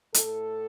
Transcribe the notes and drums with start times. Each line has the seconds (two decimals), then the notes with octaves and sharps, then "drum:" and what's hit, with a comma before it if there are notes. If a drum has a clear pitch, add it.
0.14 A2 A4, drum: hi-hat